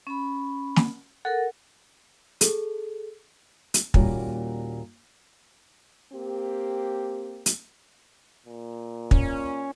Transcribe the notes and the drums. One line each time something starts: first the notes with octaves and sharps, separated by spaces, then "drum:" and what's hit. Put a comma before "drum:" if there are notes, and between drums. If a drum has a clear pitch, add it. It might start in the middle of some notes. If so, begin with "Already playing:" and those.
C#4 B5
drum: snare
A4 A#4 F#5
G#4 A4, drum: hi-hat
drum: hi-hat
D#2 A#2 G3 C#4 F#4 A#4, drum: kick
A#3 C4 G4
drum: hi-hat
A#2
C#4, drum: kick